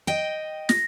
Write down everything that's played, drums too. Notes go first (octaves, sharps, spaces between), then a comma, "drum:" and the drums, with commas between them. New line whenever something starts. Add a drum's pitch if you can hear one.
D#5 G5
A#6, drum: snare